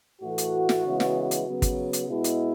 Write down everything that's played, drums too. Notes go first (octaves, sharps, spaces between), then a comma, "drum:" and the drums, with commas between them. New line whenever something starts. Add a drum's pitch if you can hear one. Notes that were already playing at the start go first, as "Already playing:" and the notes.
A2 E3 A3 F#4
drum: hi-hat
drum: snare
C#3 E3 G#3 B3
drum: snare
drum: hi-hat
C#3 F#3 B3
drum: kick, hi-hat
drum: hi-hat
B2 G#3 B3 E4
drum: hi-hat